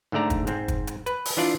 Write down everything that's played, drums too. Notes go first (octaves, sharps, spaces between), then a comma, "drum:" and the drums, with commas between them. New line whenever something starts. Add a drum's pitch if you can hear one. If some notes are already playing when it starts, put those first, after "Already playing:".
G#2 D3 A3 D5 A#5
drum: kick, hi-hat
G#2 C4, drum: hi-hat
drum: kick, hi-hat
drum: hi-hat
B4, drum: hi-hat
drum: open hi-hat
E3 D4 F4 D5